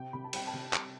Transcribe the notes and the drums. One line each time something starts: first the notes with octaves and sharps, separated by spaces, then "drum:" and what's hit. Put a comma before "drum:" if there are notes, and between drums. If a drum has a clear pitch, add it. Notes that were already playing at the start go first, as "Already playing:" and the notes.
Already playing: C3 G5
C3 B5
A5
G3 G5, drum: cymbal
A5
C3
G3, drum: clap